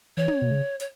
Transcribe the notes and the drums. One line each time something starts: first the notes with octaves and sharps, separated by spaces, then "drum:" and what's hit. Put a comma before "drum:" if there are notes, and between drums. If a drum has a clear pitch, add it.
E3 C#5
drum: tom
B2
C#3
C#5, drum: hi-hat